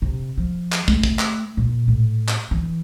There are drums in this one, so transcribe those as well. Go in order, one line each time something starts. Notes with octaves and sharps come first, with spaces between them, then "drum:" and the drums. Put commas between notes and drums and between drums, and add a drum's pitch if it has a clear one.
C3
F3
drum: clap
A3, drum: kick
drum: kick
drum: clap
A#2
A2
drum: clap
E3